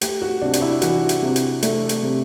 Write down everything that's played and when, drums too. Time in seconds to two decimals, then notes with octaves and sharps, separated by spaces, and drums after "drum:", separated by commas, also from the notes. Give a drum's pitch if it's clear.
0.01 A3 G4, drum: hi-hat
0.22 F#4
0.42 C3 D4
0.53 D4, drum: hi-hat
0.62 E4
0.82 E3 F#4, drum: hi-hat
1.09 drum: hi-hat
1.22 C3
1.36 drum: hi-hat
1.63 A3 D4, drum: hi-hat
1.89 drum: hi-hat
2.03 C3